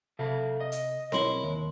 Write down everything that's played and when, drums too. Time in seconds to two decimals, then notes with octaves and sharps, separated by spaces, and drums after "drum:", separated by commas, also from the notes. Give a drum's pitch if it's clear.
0.19 C3 A4 E5 F5
0.60 D#5
0.72 drum: hi-hat
1.12 B1 E4 A#4 C#5 C6, drum: snare C4
1.43 D#2